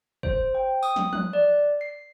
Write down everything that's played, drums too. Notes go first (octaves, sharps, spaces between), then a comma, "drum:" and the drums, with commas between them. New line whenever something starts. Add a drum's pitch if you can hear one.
C5, drum: kick
G5
D#6, drum: tambourine
drum: snare
F#6, drum: tom
D5
C7